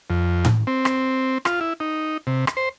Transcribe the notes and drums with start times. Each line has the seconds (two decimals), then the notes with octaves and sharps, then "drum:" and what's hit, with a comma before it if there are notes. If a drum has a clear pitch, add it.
0.10 F2
0.45 drum: tom A2
0.67 C4
0.85 drum: rim click
1.45 F4, drum: rim click
1.61 E4
1.80 D#4
2.27 C3
2.47 drum: rim click
2.57 C5